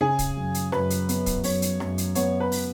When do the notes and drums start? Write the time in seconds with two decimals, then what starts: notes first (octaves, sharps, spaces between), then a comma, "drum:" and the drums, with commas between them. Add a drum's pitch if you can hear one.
0.01 C#3 G#4
0.19 drum: kick, hi-hat
0.37 F#2
0.54 drum: hi-hat
0.72 F#2 B4, drum: rim click
0.90 drum: hi-hat
1.09 B3, drum: hi-hat
1.26 drum: kick, hi-hat
1.43 F#2 C#5, drum: open hi-hat
1.62 drum: hi-hat
1.80 F#2, drum: rim click
1.98 drum: hi-hat
2.15 B3 C#5, drum: hi-hat
2.40 B4
2.52 drum: open hi-hat